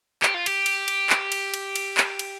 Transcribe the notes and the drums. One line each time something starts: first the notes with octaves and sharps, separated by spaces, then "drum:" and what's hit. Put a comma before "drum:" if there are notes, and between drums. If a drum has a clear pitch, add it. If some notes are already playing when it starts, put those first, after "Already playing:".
G4, drum: clap
F4
G4, drum: cymbal
drum: cymbal
drum: cymbal
drum: clap
drum: cymbal
drum: cymbal
drum: cymbal
drum: clap
drum: cymbal